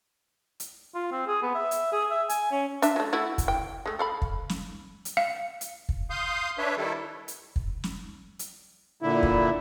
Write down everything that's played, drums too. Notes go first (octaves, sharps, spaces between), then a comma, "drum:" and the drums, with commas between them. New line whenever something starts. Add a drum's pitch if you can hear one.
drum: hi-hat
F4
C4
G#4
B3
E5
drum: hi-hat
G#4
E5
G#5, drum: hi-hat
C#4
D4 E5, drum: hi-hat
F#3 A3
A3 E4 F#4
drum: kick, hi-hat
G5
G#3 A3
A4 F5 B5
drum: kick
drum: snare
drum: hi-hat
F5
drum: hi-hat
drum: kick
F5 C6 D#6 G6
D4 B4 C#5 E5
D#3 G3 E4 A4
drum: hi-hat
drum: kick
drum: snare
drum: hi-hat
A#2 D3 E4
drum: kick